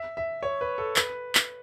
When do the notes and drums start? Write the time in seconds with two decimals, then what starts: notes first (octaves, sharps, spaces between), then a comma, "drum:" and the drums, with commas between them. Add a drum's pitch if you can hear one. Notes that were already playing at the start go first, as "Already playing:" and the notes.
Already playing: E5
0.17 E5
0.43 C#5
0.61 B4
0.78 A4
0.96 B4, drum: clap
1.35 drum: clap